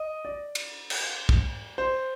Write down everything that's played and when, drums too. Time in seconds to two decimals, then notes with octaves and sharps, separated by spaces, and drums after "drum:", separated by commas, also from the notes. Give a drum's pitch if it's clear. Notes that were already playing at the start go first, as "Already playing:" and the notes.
Already playing: D#5
0.25 D5
0.55 drum: cymbal
0.90 drum: cymbal
1.29 drum: kick
1.78 C5